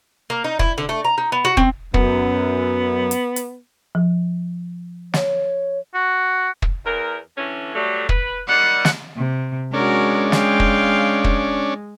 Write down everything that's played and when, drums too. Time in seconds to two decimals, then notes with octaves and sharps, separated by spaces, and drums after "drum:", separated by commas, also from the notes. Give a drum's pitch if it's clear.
0.30 A#3
0.44 D#4
0.59 E4, drum: kick
0.78 D3
0.89 A3
1.05 A#5
1.18 D#4
1.32 B3
1.45 F#4
1.57 C4, drum: kick
1.94 F#2 B3, drum: kick
3.11 drum: hi-hat
3.36 drum: hi-hat
3.95 F3
5.14 C#5, drum: snare
5.94 F#4
6.62 drum: kick
6.86 E2 A#4
7.37 D3 E3 C#4
7.75 F#3 G3 A3
8.09 B4, drum: kick
8.48 D#3 G3 F#5
8.85 drum: snare
9.17 C3
9.74 G#3 C#4 D4 F#4 A#4
10.32 F5 G5, drum: snare
10.60 drum: kick
11.24 drum: kick